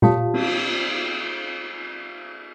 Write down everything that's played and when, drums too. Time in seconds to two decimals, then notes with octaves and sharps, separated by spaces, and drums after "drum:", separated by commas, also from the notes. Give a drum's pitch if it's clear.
0.02 F4 G4 C#5 F5 A5 D#6, drum: tom A#2
0.34 drum: cymbal